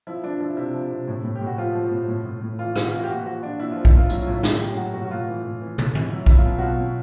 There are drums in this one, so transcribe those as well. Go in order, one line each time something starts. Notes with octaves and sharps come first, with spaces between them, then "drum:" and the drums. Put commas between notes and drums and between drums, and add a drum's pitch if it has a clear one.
F3 E4
F3 D4
F3 E4
C3 E4
F3
C3
A2
A2
G4
A2
F#4
F3 F4
F3
A2
A2
A2
A2
E3 F4
E3, drum: rim click
F#4
E3 F4
F#4
G4
A#2 F#4
F3 F#4
F3 D4
A#2 E4
F3 F4
E4, drum: kick B1
F3 F4
F#3 E4, drum: hi-hat
A2 F4
E4
F#3, drum: snare
A2 G4
F#3 F#4
A2 F#4
F#4
A2 F4
E3
A2
E3
A2, drum: tom
E3, drum: tom
F#3 E4
F#3 E4, drum: kick B1
F4
B2
F#4
B2 F4
B2